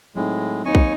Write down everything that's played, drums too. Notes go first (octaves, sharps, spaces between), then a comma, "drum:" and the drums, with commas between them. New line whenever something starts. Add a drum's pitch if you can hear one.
A2 F#3 G#3 C4 D#4
D#2 C4 D#4 C#5 G#5 C#6
drum: kick